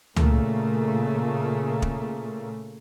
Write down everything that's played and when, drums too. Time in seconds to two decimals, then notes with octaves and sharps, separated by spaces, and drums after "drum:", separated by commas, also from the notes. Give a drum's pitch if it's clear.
0.16 A#2 C#3 A3 A#3, drum: tom C#2
1.82 drum: kick